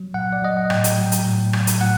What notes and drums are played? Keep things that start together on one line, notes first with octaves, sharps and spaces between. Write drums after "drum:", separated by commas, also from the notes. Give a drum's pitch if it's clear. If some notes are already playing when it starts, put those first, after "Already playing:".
Already playing: F#3
A#2 F#5
D5
F#3 D#5
F#5
A2 G5, drum: rim click
drum: hi-hat
F#3
drum: hi-hat
A2
F#3, drum: rim click
drum: hi-hat
A2 F#5